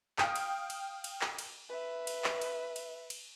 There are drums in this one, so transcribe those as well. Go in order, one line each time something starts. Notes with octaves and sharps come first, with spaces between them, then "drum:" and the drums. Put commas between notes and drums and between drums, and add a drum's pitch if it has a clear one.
F5 G5 D#6, drum: clap
drum: cymbal
drum: cymbal
drum: cymbal
drum: clap
drum: cymbal
B4 E5
drum: cymbal
drum: clap
drum: cymbal
drum: cymbal
drum: cymbal